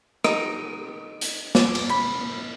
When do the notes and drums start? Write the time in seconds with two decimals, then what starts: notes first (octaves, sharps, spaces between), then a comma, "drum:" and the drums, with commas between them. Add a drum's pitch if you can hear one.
0.24 D#4, drum: rim click
1.21 drum: hi-hat
1.55 D5, drum: snare
1.75 drum: cymbal
1.90 B5